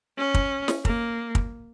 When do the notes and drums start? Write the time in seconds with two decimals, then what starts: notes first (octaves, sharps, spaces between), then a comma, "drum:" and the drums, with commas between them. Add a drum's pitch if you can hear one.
0.18 C#4
0.34 drum: kick
0.68 drum: snare
0.85 A#3, drum: kick
1.35 drum: kick